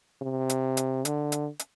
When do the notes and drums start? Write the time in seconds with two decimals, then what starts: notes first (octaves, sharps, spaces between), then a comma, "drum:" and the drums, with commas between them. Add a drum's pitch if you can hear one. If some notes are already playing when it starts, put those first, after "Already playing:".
0.22 C3
0.49 drum: hi-hat
0.77 drum: hi-hat
1.05 D3, drum: hi-hat
1.32 drum: hi-hat
1.59 drum: hi-hat